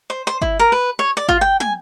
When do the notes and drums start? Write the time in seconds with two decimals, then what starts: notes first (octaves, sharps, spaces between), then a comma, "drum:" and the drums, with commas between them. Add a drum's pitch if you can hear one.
0.10 C5
0.27 C5
0.42 E4, drum: kick G1
0.59 A#4
0.72 B4
0.99 C#5
1.17 D5
1.29 F4, drum: kick G1
1.41 G5
1.60 G#5, drum: tom